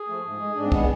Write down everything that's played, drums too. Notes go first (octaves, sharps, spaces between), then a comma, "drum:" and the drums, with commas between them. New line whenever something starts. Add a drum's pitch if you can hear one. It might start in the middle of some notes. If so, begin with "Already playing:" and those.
Already playing: G#4
F3 A3
G#2
G#3
G#2 D4
C4
E3 G#3 B3, drum: kick